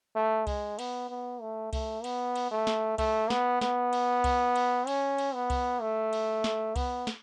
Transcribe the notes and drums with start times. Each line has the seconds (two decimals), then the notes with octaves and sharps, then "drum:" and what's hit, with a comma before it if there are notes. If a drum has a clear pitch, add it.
0.16 A3
0.47 G#3, drum: kick C2, cymbal
0.79 B3, drum: cymbal
1.10 B3
1.41 A3
1.73 A3, drum: kick C2, cymbal
2.04 B3, drum: cymbal
2.35 drum: cymbal
2.51 A3
2.67 drum: snare
2.98 A3, drum: kick C2, cymbal
3.30 B3, drum: snare
3.61 B3, drum: snare
3.93 drum: cymbal
4.24 drum: kick C2, cymbal
4.56 drum: cymbal
4.87 C#4, drum: cymbal
5.18 drum: cymbal
5.34 B3
5.50 drum: kick C2, cymbal
5.81 A3
6.13 drum: cymbal
6.44 drum: snare
6.76 B3, drum: kick C2, cymbal
7.07 drum: snare